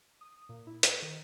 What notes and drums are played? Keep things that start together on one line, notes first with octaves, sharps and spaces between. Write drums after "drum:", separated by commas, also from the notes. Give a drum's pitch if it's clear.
D#6
A#2
E4
B4, drum: hi-hat
D#3